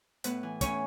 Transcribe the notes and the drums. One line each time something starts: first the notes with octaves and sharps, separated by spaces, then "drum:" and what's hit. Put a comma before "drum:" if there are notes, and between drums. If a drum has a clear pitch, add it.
A2 B3 B4, drum: hi-hat
E3
A2 C#4 C#5, drum: kick, hi-hat